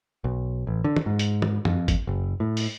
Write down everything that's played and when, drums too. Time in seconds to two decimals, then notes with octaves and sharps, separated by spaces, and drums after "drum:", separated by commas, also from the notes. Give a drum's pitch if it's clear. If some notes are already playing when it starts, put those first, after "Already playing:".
0.24 B1
0.67 A1
0.84 D3
0.96 drum: tom
1.06 G#2
1.19 drum: hi-hat
1.42 drum: tom
1.65 F2, drum: tom F#2
1.88 drum: kick G#1, hi-hat
2.07 F#1
2.40 A2
2.57 drum: open hi-hat